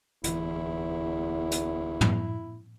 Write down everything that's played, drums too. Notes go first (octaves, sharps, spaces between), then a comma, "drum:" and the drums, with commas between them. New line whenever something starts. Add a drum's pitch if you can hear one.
D1 E2 E3 E4, drum: hi-hat
drum: hi-hat
drum: tom